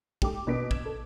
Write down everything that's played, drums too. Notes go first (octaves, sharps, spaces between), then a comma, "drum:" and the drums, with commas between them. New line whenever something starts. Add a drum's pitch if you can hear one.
G#2 G4 A4 D6, drum: kick
B2 B3 B6 D7
G#6 E7, drum: kick
A4